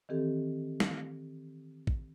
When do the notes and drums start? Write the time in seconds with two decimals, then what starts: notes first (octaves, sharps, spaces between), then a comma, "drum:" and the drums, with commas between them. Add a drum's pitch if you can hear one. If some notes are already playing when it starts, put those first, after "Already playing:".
0.09 D#3 E3 C4 G4 A4
0.80 drum: snare
1.87 drum: kick